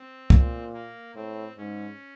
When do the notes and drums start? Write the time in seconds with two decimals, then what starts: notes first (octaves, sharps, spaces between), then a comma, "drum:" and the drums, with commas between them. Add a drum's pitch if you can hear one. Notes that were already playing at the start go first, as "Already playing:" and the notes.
Already playing: C4
0.30 A#2, drum: kick
0.73 A#3
1.15 A2 C4
1.57 G#2 C#4